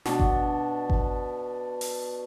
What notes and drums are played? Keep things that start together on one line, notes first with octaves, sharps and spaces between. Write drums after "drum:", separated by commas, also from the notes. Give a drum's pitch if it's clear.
B2 D4, drum: snare
drum: kick G1
drum: kick G1
drum: open hi-hat